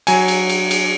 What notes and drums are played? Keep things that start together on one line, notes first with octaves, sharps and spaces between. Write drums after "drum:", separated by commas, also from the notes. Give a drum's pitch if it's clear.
F#3 G#5, drum: cymbal
drum: cymbal
drum: cymbal
drum: cymbal